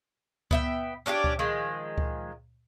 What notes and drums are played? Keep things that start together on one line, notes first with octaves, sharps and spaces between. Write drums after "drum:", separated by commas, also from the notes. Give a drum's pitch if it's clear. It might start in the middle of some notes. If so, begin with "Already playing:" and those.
B3 E5 G5, drum: kick C#2
C#4 D4 F#4 G4
drum: kick C#2
D#3 F3 G#3
drum: kick C#2